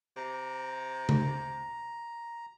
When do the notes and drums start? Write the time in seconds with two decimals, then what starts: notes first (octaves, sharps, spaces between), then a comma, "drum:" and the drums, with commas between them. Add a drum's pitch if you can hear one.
0.17 C3 A#5
1.09 drum: tom C#3